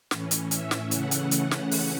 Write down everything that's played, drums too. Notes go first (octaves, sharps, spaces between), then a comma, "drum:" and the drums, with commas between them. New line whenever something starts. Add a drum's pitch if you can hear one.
A2 E3 C#4, drum: snare
drum: hi-hat
E5, drum: hi-hat
drum: snare
C#3 E3 A3 C#4 F#5, drum: hi-hat
drum: hi-hat
drum: hi-hat
drum: snare
drum: open hi-hat